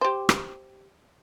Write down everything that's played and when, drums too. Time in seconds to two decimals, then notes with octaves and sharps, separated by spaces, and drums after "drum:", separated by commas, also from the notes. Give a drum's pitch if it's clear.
0.01 G4 C5
0.29 drum: rim click